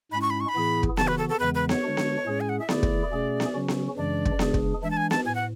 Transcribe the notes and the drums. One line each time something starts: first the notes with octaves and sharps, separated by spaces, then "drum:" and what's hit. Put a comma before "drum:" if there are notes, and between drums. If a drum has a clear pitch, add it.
G#2 G#3 C#4 E4 B5
C#6
B5
C#6
B5
A2 E3 B3 E4 G#4
drum: kick
C#3 E3 B3 F#4 A5, drum: snare B3
B4
A4
A4
E2 C#3 E3 G#3 B3 B4
B4
C#5, drum: snare B3
D3 G#3 D4 F#4
drum: snare B3
A2 G#3 C#4 G#4
G#5
F#5
E5
D3 A3 E4 G#4 D5, drum: snare B3
drum: kick
B2 A3 C#4 G#4
drum: snare B3
C#3 F#3 C#4 F#4
drum: snare B3
F#2 C#3 E3 G#3 D4 D5
drum: kick
C#3 G#3 D4 G#4, drum: snare B3
drum: kick
E3 G#3 D4 E5
A5
G#5
A5, drum: snare B3
A2 G#5
F#5